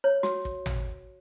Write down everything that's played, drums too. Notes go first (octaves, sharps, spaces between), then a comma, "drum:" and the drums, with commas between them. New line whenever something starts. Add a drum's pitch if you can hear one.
C#5
F#4, drum: snare
drum: kick
drum: tom